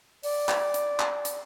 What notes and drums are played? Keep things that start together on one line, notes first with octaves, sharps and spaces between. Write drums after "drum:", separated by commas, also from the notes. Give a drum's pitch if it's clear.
D5, drum: open hi-hat
drum: clap
drum: hi-hat
drum: clap
drum: hi-hat